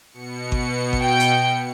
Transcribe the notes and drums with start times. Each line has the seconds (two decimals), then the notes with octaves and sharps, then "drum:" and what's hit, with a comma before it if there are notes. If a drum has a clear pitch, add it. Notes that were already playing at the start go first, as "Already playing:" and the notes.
0.10 B2 C#7
0.52 drum: kick G#1
0.93 drum: kick G#1
1.03 G5
1.20 drum: hi-hat